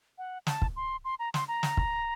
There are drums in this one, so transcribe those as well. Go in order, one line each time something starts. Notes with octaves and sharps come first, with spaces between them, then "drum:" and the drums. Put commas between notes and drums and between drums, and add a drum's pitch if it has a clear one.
F#5
A5, drum: snare
drum: kick
C6
C6
A#5
C6, drum: snare
A#5
drum: snare
drum: kick